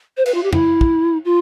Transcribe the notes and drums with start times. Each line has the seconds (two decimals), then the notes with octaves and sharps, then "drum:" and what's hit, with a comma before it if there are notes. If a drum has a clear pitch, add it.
0.17 C5
0.26 B4, drum: cymbal
0.34 F4
0.43 G4
0.53 E4, drum: tom F2
0.81 drum: kick
1.25 F4